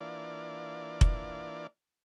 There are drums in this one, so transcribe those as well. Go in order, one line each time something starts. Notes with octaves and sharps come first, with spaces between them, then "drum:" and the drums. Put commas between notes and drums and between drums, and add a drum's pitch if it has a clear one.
E3 A#3 D4 F4 D5
drum: kick F1